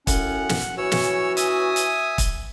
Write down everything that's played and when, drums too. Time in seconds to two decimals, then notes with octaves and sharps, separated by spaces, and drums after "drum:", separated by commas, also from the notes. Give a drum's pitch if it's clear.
0.07 F#2 A2 C#4 F#5, drum: kick, hi-hat
0.49 drum: snare
0.78 E3 C#4 F#4 C#5 E6
0.92 drum: snare
1.37 E5 G#5 D#6, drum: hi-hat
1.76 drum: hi-hat
2.18 drum: kick, hi-hat